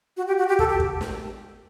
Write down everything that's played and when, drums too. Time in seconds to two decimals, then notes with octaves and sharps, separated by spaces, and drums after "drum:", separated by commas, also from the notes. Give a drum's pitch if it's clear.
0.17 F#4
0.27 G4
0.38 F#4
0.48 G4
0.59 A4, drum: kick
0.69 G4
0.80 drum: kick
1.01 drum: snare